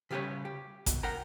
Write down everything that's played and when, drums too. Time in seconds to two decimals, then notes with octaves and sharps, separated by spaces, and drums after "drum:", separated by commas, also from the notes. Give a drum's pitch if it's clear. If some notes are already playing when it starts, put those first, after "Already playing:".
0.11 C#3 G3 G4 G#4 B4 C#5
0.45 G4
0.86 B2, drum: kick G#1, hi-hat
1.03 A#4 F#5 G5 A#5